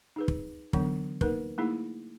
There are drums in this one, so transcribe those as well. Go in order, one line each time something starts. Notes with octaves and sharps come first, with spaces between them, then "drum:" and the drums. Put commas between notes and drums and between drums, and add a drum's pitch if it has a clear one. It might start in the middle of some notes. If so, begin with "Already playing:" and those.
D#4 G#4 B4
drum: kick
D3 E3 F#3 B3 D4, drum: kick
A#3 D#4 A#4 B4, drum: kick
A3 A#3 D#4 E4 G#4